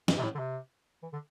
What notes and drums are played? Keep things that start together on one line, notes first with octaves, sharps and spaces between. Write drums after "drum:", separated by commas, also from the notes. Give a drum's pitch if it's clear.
G2, drum: snare
C3
A2
D3
C3
E3
D3